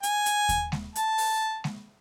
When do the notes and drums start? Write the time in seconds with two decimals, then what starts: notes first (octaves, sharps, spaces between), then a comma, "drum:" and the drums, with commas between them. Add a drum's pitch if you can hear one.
0.03 G#5, drum: hi-hat
0.26 drum: hi-hat
0.49 drum: kick D#2, hi-hat
0.72 drum: snare G#3
0.95 A5, drum: hi-hat
1.18 drum: open hi-hat
1.64 drum: snare G#3